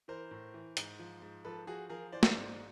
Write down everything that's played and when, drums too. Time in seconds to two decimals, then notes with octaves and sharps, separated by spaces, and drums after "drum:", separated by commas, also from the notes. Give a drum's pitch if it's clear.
0.08 E3 A#4 C5
0.31 A2
0.54 E3
0.77 G#2, drum: hi-hat
0.99 F3
1.22 G#2
1.44 F3 A4 B4
1.67 F3 F#4 G#4
1.89 F3 G#4 A#4
2.12 E3 C5 D5
2.23 drum: snare
2.35 G#2